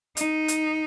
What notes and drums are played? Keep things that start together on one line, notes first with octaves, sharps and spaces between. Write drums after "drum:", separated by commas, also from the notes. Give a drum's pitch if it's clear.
D#4, drum: hi-hat
drum: hi-hat